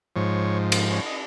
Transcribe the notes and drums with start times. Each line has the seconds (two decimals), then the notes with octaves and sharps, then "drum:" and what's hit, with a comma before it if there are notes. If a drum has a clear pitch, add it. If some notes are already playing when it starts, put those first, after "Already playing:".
0.16 G#2 F3 C#5
0.72 drum: cymbal
0.91 C#5
1.06 D#5